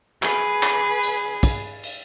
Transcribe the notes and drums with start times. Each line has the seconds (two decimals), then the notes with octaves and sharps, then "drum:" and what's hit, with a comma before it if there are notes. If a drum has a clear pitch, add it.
0.23 G#4 B4, drum: clap
0.63 drum: clap
1.03 drum: cymbal
1.43 drum: kick, cymbal
1.83 drum: cymbal